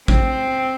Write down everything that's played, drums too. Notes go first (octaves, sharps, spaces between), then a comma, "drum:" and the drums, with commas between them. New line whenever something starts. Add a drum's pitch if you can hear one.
C4, drum: kick A1